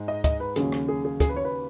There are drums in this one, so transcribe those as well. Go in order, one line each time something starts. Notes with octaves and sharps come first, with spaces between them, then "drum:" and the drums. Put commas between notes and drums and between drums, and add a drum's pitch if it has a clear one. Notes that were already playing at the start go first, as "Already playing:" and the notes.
Already playing: G#2 G#3
D#5
D#5, drum: kick D2, hi-hat
B4
D#2 C#3 F#3 C#4 G#4, drum: hi-hat
drum: rim click
G#4
G#4
G#4, drum: kick D2, hi-hat
B4
C#5
B4